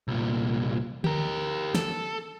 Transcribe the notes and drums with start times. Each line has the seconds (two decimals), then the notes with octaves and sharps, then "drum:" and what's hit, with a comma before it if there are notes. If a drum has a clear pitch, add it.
0.08 C2 A#2
1.04 G4 A#4, drum: tom D3
1.75 A4, drum: snare